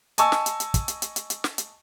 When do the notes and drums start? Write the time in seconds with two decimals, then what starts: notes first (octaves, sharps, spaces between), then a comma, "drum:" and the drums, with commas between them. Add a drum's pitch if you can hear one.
0.18 D#5 G#5 A5 C#6 E6, drum: hi-hat
0.32 drum: snare
0.46 drum: hi-hat
0.60 drum: hi-hat
0.74 drum: kick, hi-hat
0.88 drum: hi-hat
1.02 drum: hi-hat
1.16 drum: hi-hat
1.30 drum: hi-hat
1.44 drum: snare
1.58 drum: hi-hat